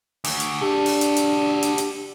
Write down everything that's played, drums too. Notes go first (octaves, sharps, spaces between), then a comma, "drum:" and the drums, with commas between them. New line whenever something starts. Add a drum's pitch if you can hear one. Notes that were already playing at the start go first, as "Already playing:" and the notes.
D2, drum: open hi-hat
drum: hi-hat
D4 F#4 G4 A4
drum: open hi-hat
drum: hi-hat
drum: hi-hat
drum: hi-hat
drum: hi-hat